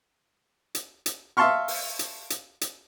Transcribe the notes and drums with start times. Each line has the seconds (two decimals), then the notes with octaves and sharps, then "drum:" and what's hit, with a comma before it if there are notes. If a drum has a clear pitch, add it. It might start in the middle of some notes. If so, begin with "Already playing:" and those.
0.75 drum: hi-hat
1.06 drum: hi-hat
1.37 E5 F5 A5 C6 C#6 F6
1.68 drum: open hi-hat
1.99 drum: hi-hat
2.30 drum: hi-hat
2.61 drum: hi-hat